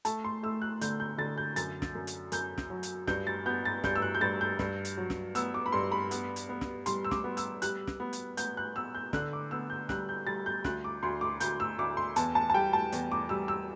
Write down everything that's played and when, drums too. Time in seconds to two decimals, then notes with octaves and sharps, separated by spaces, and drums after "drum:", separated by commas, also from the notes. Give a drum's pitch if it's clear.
0.05 A3 A5, drum: hi-hat
0.25 C6
0.43 A3 E6
0.62 F#6
0.81 D3 G6, drum: hi-hat
1.00 G6
1.18 D3 A6
1.38 G6
1.56 F#2 A6, drum: hi-hat
1.82 drum: snare
1.95 F#2
2.07 drum: hi-hat
2.32 F#2 G6, drum: hi-hat
2.58 drum: snare
2.70 F#3
2.83 drum: hi-hat
3.07 G2 G6, drum: snare
3.27 A6
3.46 B3 G6
3.65 A6
3.84 G2 G6, drum: snare
3.96 E6
4.02 F#6
4.15 G6
4.21 G2 A6
4.41 G6
4.59 G2, drum: snare
4.85 drum: hi-hat
4.97 F#3
5.10 drum: snare
5.35 B3 E6, drum: hi-hat
5.54 D6
5.66 B5
5.72 G2 C6
5.92 B5
6.11 B3, drum: hi-hat
6.36 drum: hi-hat
6.49 B3
6.61 drum: snare
6.86 G3 C6, drum: hi-hat
7.05 E6
7.11 D6, drum: snare
7.24 B3
7.37 E6, drum: hi-hat
7.62 G3 F#6, drum: hi-hat
7.87 drum: snare
8.00 B3
8.13 drum: hi-hat
8.37 B3 G6, drum: hi-hat
8.57 F#6
8.76 B3 E6
8.95 G6
9.13 D3 F#6, drum: snare
9.33 D6
9.51 B3 E6
9.70 G6
9.89 G3 F#6, drum: snare
10.09 G6
10.27 G3 A6
10.46 G6
10.64 D2 F#6, drum: snare
10.84 D6
11.03 D2 C6
11.21 D6
11.40 D2 G6, drum: hi-hat
11.60 E6
11.78 D2 D6
11.97 C6
12.16 E2 A5, drum: hi-hat
12.35 A5
12.50 A5
12.54 G3 G5
12.73 A5
12.92 E2, drum: hi-hat
13.12 D6
13.29 G3 E6
13.48 E6